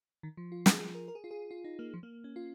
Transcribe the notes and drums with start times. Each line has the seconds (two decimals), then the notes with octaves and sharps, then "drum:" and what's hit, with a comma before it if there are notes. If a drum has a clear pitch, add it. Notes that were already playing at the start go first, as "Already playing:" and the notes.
0.23 D#3
0.37 F3
0.52 F4
0.66 G#4, drum: snare
0.79 G#4
0.95 A#4
1.08 A#4
1.15 G#4
1.24 F4
1.31 G#4
1.51 F4
1.64 D#4
1.79 A#3
1.94 F3
2.03 A#3
2.24 C#4
2.36 F4